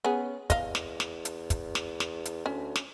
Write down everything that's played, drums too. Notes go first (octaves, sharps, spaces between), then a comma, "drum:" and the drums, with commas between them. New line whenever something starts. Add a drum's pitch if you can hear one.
B3 C#4 G#4
E2 D#5 F5, drum: kick, hi-hat
drum: snare
drum: snare
drum: hi-hat
drum: kick, hi-hat
drum: snare
drum: snare
drum: hi-hat
D2 C#4
drum: snare